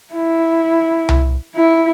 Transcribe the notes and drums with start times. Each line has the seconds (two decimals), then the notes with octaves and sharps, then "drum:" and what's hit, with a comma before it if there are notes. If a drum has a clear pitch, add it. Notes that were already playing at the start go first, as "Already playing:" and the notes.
0.14 E4
1.09 drum: tom C2
1.56 E4